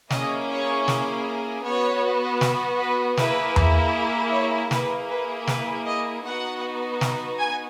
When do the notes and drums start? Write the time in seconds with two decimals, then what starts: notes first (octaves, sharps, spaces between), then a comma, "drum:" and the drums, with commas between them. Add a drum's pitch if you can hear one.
0.10 A#3 C#4 E4 G#4 D#5, drum: snare
0.49 C#5
0.88 drum: snare
1.64 B3 F#4 C#5
2.41 drum: snare
2.79 B4
3.17 A#3 E4 G#4 B4, drum: snare
3.56 drum: tom E2
4.32 C#5
4.71 A#3 E4 G#4 B4, drum: snare
5.10 B4
5.47 B4, drum: snare
5.86 D#5
6.24 B3 D#4 F#4 F#5
7.01 drum: snare
7.39 G#5